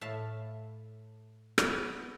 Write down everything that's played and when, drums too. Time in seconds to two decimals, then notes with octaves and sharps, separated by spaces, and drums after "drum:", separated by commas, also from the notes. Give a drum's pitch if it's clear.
0.01 A2 E5 F5 A5
1.58 drum: rim click
1.67 B3